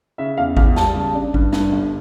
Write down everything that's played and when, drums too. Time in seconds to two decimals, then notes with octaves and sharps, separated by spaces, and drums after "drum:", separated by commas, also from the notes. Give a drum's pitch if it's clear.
0.18 C#3 E5
0.37 E2 F5
0.57 E2 F5, drum: kick G#1
0.76 G3 A5, drum: snare
0.95 C#3
1.15 D4
1.34 G2, drum: kick G#1
1.53 G2, drum: snare
1.72 G1